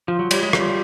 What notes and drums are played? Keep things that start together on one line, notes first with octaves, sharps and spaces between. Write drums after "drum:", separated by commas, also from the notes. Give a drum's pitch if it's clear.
F3 F4
F#3
G3 C#5, drum: cymbal
G#3
G3 F4, drum: rim click